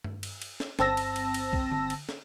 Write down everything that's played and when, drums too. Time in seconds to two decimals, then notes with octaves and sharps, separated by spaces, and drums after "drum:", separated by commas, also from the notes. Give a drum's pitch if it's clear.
0.04 drum: tom G2
0.23 drum: cymbal
0.42 drum: cymbal
0.60 drum: snare
0.79 G1 C4 A5 E6 A#6, drum: snare
0.97 drum: cymbal
1.16 drum: cymbal
1.34 drum: cymbal
1.53 drum: kick C2
1.72 drum: tom D3
1.90 drum: cymbal
2.09 drum: snare